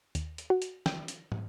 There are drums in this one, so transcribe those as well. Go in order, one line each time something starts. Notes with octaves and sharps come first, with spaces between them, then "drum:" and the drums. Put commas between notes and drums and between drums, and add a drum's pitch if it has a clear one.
D#2, drum: hi-hat
drum: hi-hat
F#4
drum: hi-hat
G5, drum: snare
drum: hi-hat
drum: tom